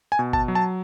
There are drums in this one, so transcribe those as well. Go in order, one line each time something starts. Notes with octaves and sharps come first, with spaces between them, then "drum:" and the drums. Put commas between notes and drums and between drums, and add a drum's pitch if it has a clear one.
G#5
B2
A5, drum: kick
F#3
A5